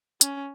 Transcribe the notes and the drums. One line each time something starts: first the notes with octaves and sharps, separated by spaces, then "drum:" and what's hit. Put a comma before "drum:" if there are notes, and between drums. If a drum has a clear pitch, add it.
C#4, drum: hi-hat